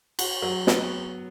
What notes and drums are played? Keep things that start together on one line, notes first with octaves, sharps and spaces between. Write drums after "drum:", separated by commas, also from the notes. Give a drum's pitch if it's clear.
F#4, drum: cymbal
F#3
B3, drum: snare